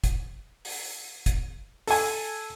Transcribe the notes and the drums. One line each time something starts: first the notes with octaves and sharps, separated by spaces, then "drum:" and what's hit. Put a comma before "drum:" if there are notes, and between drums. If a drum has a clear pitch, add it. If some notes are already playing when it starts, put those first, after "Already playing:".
drum: kick, hi-hat
drum: open hi-hat
drum: kick, hi-hat
A4 G#5, drum: open hi-hat